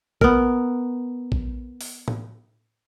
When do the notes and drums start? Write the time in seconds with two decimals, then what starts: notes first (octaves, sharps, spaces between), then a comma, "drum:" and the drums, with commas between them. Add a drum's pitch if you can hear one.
0.21 B3 A#4, drum: kick A#1
1.32 drum: kick A#1
1.81 drum: open hi-hat
2.08 drum: tom A2